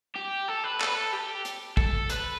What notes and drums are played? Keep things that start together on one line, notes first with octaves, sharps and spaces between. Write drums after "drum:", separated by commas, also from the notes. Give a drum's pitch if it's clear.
G4
A4
B4
A4, drum: clap
B4
A4
G4
drum: hi-hat
A4, drum: kick
B4, drum: hi-hat